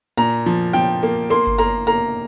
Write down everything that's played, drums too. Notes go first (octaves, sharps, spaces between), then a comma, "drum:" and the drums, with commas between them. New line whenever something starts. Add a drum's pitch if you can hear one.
A#2 A#5
F3
F3 G5
A#3
A#3 C6
drum: kick G1
A#3 A#5
A#3 A#5